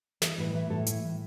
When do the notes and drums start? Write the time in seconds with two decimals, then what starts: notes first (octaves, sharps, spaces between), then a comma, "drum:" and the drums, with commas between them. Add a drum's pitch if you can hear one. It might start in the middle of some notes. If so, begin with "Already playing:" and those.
0.22 E3 D#5, drum: snare
0.38 A2 B4
0.54 E3 B4
0.70 A2 A4
0.87 E3, drum: hi-hat
1.03 A2